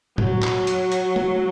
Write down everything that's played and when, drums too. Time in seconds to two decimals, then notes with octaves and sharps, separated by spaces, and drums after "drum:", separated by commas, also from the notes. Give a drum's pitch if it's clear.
0.18 F#3, drum: tom
0.43 drum: clap
0.67 drum: hi-hat
0.92 drum: hi-hat
1.16 drum: tom